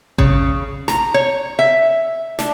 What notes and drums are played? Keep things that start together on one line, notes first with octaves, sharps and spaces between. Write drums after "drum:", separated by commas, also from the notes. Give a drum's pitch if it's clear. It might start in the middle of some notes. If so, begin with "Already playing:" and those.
C#3, drum: kick A1
A#5, drum: snare
C#5
E5
D4, drum: snare